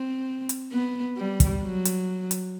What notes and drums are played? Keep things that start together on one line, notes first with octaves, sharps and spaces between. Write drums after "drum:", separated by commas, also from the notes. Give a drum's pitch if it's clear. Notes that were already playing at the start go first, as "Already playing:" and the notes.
Already playing: C4
drum: hi-hat
B3
G3
drum: kick, hi-hat
F#3
drum: hi-hat
drum: hi-hat